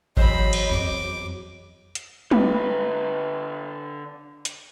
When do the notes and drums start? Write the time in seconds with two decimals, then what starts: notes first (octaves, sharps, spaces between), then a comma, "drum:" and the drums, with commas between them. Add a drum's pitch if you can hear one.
0.17 E2 F#3 C5 D#5 E5 B5, drum: kick G#1
0.53 drum: cymbal
0.70 F2 D6
1.95 drum: hi-hat
2.31 D3 B4, drum: tom
4.45 drum: hi-hat